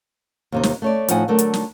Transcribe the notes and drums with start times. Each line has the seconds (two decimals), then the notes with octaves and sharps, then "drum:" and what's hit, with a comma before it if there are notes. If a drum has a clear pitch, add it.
0.52 D#2 C3 D#4
0.63 drum: snare
0.82 A3 C#5 D5
1.08 A2 F3 C4 D#4 F#5 G#5, drum: hi-hat
1.28 D3 F#3 A3 A4 A#4
1.39 drum: hi-hat
1.54 drum: snare